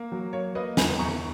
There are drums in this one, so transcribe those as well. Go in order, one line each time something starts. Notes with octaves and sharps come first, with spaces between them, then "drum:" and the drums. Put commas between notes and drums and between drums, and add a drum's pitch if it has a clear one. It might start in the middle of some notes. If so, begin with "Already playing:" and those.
Already playing: A#3
F#3
A#3 C#5
A#3 B4 D#5
E2 G#5 B5, drum: snare
E2 A#5 C#6